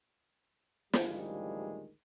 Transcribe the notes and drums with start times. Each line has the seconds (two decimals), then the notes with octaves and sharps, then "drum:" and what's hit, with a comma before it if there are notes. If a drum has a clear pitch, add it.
0.93 A1 D2 D#3 F3 G3 G#3, drum: snare